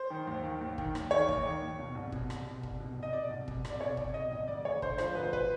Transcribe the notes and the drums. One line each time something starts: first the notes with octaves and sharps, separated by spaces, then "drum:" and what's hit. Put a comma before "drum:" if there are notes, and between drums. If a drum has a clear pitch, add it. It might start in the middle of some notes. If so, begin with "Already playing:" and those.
Already playing: C5
D#3
D#2
D#3
D#2
D#3, drum: kick
D#2, drum: rim click
D#3 C#5
D#2, drum: kick
D#3
D#2
B2
C2
B2, drum: kick
C2, drum: rim click
B2
C2, drum: kick
B2
C2
D#5
B2 D5
C2
B2, drum: kick
C2, drum: rim click
D5
B2 C#5
C2 D5, drum: kick
B2 D#5
C2 D#5
D2 D5
D2 C#5
D3 C5, drum: kick
F3 C5, drum: rim click
D2 B4
C5
B4, drum: kick